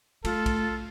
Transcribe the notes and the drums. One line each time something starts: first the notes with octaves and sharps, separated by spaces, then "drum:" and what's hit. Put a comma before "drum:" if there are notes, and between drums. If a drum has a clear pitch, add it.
A3 F4 A4, drum: cymbal
drum: kick, cymbal